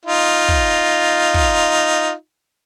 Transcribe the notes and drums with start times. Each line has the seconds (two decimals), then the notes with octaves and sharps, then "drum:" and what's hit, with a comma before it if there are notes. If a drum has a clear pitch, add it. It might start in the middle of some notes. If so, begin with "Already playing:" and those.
0.06 D#4 F4
0.48 drum: kick
1.34 drum: kick